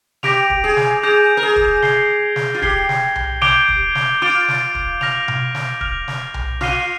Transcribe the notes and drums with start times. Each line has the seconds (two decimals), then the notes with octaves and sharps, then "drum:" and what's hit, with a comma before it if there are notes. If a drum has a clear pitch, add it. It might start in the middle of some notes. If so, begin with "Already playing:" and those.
0.23 G4 D6 G6 A#6 D7 F7, drum: snare
0.50 drum: kick
0.64 G#4
0.77 drum: snare
1.03 G#4 D6 G6 A#6 D7 F7
1.37 A#4
1.43 G#4
1.56 drum: kick
1.82 G#6 C7 G7, drum: snare
2.36 drum: snare
2.54 F4
2.62 G4 G#6 C7 G7, drum: kick
2.89 drum: snare
3.16 drum: tom B1
3.42 D6 G6 D7 G7, drum: snare
3.69 drum: kick
3.95 drum: snare
4.22 F4 D6 G6 D7 G7
4.48 drum: snare
4.75 drum: kick
5.01 F6 A#6 F7, drum: snare
5.28 drum: tom B2
5.55 drum: snare
5.81 F6 A#6 F7, drum: kick
6.08 drum: snare
6.34 drum: tom B1
6.61 F4 D6 F6 C7 D#7 G7, drum: snare